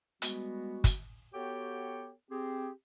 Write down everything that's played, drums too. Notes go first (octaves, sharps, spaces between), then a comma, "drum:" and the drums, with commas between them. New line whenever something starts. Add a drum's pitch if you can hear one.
G3 G#3 B3 F#4, drum: hi-hat
drum: kick, hi-hat
B3 F#4 G4 A4 C#5 G5
C4 G4 G#4